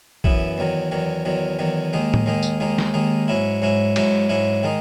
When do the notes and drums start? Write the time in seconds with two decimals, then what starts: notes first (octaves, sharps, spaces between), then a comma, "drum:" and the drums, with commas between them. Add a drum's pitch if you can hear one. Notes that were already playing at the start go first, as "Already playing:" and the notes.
0.24 F#2 E3 B3 E4, drum: kick
0.58 E2 D#3 F#3
0.91 E2 D#3 F#3
1.25 E2 D#3 F#3
1.59 E2 D#3 F#3
1.93 D#2 D#3 G#3 D#4
2.14 drum: tom A2
2.26 D#2 D#3 G#3 D#4
2.43 drum: tambourine
2.60 D#2 D#3 G#3 D#4
2.78 drum: snare
2.94 D#2 D#3 G#3 D#4
3.28 G#2 F#3 C#4 E4
3.62 G#2 F#3 C#4 E4
3.96 G#2 F#3 C#4 E4, drum: cymbal
4.29 G#2 F#3 C#4 E4
4.63 D#3 G#3 D#4